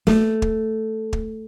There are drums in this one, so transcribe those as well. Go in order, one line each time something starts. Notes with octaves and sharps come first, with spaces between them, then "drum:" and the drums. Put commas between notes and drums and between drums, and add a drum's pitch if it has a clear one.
A3, drum: snare
drum: kick
drum: kick